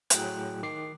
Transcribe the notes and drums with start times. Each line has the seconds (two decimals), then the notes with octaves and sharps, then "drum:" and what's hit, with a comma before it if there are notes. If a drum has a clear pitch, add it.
0.10 A2 F#3 G#4 G5 F#6, drum: hi-hat
0.63 D#3 D6 C7